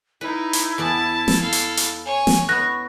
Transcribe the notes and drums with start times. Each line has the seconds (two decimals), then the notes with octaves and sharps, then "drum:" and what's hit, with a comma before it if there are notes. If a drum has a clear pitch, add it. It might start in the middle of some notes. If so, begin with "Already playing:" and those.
0.21 D#4 E4 B4
0.53 drum: hi-hat
0.78 E2 B3 D5 A5
1.28 drum: snare
1.39 A4 F5
1.52 drum: hi-hat
1.77 drum: hi-hat
2.06 C#5 G#5
2.27 drum: snare
2.49 B3 E4 C#6 F#6 A#6